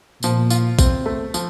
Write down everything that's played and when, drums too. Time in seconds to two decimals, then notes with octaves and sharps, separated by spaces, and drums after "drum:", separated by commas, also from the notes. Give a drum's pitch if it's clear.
0.23 A#2 F3, drum: tambourine
0.50 F4, drum: tambourine
0.79 C4, drum: kick, tambourine
1.06 A3
1.34 F3, drum: tambourine